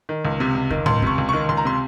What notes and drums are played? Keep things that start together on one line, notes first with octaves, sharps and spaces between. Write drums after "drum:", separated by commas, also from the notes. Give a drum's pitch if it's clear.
D#3
C#2
C3
C#2
D#3, drum: kick E2
C#2 C6, drum: tom A2
C3 C#6, drum: kick E2
C#2
D#3 C#6
C#2 C6
A#5
C3 C6